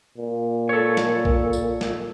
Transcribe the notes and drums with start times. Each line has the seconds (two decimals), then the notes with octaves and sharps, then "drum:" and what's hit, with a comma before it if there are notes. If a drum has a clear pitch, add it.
0.18 A#2
0.69 A4 C#5
0.97 drum: snare
1.25 drum: kick B1
1.53 drum: tambourine
1.81 drum: snare